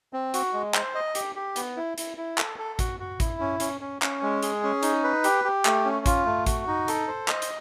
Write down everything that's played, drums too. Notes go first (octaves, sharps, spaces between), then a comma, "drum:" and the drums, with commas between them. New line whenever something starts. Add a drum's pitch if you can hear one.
C4
F#4, drum: hi-hat
G#3
C5, drum: clap
D#5
G4, drum: hi-hat
G4
B3, drum: hi-hat
E4
E4, drum: hi-hat
E4
A4, drum: clap
A4
F#4, drum: kick A1, hi-hat
F#4
E4, drum: kick A1, hi-hat
C#4
C#4, drum: hi-hat
C#4
C#4, drum: clap
G#3
G#4, drum: hi-hat
C#4
D#4, drum: hi-hat
B4
G4, drum: hi-hat
G4
A3, drum: clap
C#4
F4, drum: kick A1, hi-hat
A3
F#4, drum: kick A1, hi-hat
D#4
A4, drum: hi-hat
C5
D#5, drum: clap
drum: hi-hat